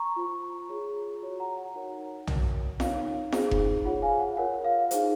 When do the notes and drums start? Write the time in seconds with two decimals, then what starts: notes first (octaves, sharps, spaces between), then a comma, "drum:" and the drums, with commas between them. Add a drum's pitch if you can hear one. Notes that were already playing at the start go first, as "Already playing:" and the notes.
Already playing: A#5 C#6
0.16 F4 C5
0.69 F4 G#4 C#5
1.22 F#4 C#5
1.40 F#5 A#5
1.57 F#5
1.75 D#4 F#4 A#4 C#5 F#5
2.27 F#4 A#4 C#5, drum: tom B1
2.80 D#4 A#4 C#5 F5, drum: snare
3.32 D#4 G#4 C5, drum: snare
3.51 drum: kick F1
3.85 F4 G#4 C#5 F#5
4.02 F5 G#5
4.19 F#5
4.37 F4 A#4 C#5 F#5
4.64 F5
4.91 D#4 G#4 C5, drum: hi-hat